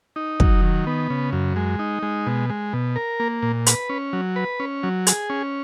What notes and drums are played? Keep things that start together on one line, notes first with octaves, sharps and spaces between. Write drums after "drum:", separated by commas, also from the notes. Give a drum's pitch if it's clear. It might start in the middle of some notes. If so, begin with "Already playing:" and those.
D#4
F#3, drum: kick
D#3
B3
C#3
F#2
G#3
D#4
G#3
B2
G#3
B2
A#4
A#3
A#2
B4, drum: hi-hat
C#4
F#3
B4
C#4
F#3
G#4, drum: hi-hat
C#4